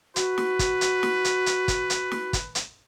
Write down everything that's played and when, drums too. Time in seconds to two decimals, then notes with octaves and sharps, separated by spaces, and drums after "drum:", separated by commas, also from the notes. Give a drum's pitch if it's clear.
0.16 F#4 B4, drum: hi-hat
0.38 drum: snare
0.59 drum: kick, hi-hat
0.81 drum: hi-hat
1.03 drum: snare
1.25 drum: hi-hat
1.46 drum: hi-hat
1.68 drum: kick, hi-hat
1.90 drum: hi-hat
2.11 drum: snare
2.33 drum: kick, hi-hat
2.55 drum: hi-hat